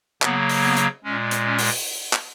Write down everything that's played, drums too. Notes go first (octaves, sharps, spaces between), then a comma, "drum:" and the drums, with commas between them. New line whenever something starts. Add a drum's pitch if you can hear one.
C#3 F#3 A#3 B3, drum: clap
drum: open hi-hat
B3
drum: hi-hat
A#2 G#3 C#4
drum: hi-hat
C#4
drum: open hi-hat
drum: clap